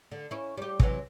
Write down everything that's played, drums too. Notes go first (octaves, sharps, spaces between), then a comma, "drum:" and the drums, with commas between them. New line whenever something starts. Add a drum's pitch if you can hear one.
D3
C#4 E4
G3 G4
C3 E3 F#3, drum: kick